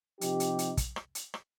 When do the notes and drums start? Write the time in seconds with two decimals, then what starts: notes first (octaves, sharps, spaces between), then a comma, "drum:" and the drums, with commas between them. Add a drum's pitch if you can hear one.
0.21 C3 F3 D#4 G4, drum: hi-hat
0.40 drum: hi-hat
0.59 drum: hi-hat
0.77 drum: kick, hi-hat
0.96 drum: rim click
1.15 drum: hi-hat
1.34 drum: rim click